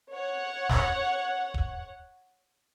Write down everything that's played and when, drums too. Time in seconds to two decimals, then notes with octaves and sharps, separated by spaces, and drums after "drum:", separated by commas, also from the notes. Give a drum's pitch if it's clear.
0.13 C#5 F#5
0.69 drum: snare
1.54 drum: kick D#1